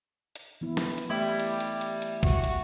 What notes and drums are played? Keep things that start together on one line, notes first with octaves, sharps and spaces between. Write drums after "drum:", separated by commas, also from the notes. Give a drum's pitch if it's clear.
drum: hi-hat
E3 B3 E4
drum: snare
drum: hi-hat
G3 A3 E4
drum: hi-hat
drum: hi-hat
drum: hi-hat
drum: hi-hat
F#4, drum: kick, hi-hat
drum: hi-hat